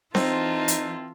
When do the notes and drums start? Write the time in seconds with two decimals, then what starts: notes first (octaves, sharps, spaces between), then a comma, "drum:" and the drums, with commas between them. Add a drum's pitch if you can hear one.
0.15 E3 C4 D#4 F4 A4, drum: snare C4
0.68 drum: hi-hat